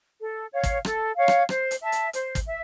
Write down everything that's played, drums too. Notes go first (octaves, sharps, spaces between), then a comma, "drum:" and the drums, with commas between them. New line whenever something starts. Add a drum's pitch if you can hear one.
A4
C#5 F5
drum: kick, hi-hat
A4, drum: rim click
C#5 F5
drum: rim click
C5, drum: rim click
drum: hi-hat
E5 A5
drum: hi-hat
C5, drum: hi-hat
drum: kick, hi-hat
E5